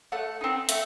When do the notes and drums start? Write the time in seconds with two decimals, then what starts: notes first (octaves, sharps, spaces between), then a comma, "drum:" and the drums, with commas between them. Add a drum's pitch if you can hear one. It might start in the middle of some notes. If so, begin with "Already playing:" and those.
0.12 A3 F#5
0.41 C4 D#4
0.69 A3, drum: hi-hat